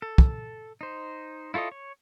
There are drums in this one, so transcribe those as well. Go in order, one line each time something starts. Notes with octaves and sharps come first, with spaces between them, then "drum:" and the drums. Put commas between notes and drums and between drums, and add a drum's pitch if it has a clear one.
A4
drum: kick
D#4 C5
E4 F4 A4 C#5 D#5
C#5